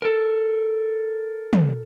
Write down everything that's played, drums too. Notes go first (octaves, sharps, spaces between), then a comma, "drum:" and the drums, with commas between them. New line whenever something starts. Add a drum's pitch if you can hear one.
A4 A#4
drum: tom